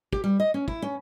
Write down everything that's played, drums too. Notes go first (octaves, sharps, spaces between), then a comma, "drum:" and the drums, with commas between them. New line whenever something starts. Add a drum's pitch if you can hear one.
G4, drum: kick
G3
D#5
C#4
E4, drum: kick
C#4